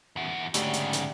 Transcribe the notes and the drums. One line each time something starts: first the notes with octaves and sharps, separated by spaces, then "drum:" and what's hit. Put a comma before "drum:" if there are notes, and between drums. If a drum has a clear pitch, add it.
E2 F#4
D2 G#2 C#3 G4 D5, drum: hi-hat
drum: hi-hat
drum: hi-hat